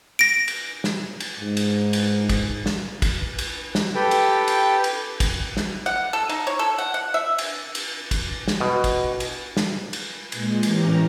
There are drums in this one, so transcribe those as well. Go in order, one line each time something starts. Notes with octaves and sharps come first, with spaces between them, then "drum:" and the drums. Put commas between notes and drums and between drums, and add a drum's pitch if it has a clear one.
A#6 D7
drum: cymbal
drum: snare
drum: cymbal
G#2
drum: cymbal
drum: cymbal
drum: kick, cymbal
drum: snare
drum: kick, cymbal
drum: cymbal
drum: snare
G4 A4 B4 G5
drum: cymbal
drum: cymbal
drum: cymbal
drum: kick, cymbal
drum: snare
F#5
A4
D#4, drum: cymbal
C#5
A4
F#5
F#5
E5
drum: cymbal
drum: cymbal
drum: kick, cymbal
drum: snare
B2
drum: kick, cymbal
drum: cymbal
drum: snare
drum: cymbal
A#2 G#3, drum: cymbal
A2 E3 C#4 G4 A#5, drum: cymbal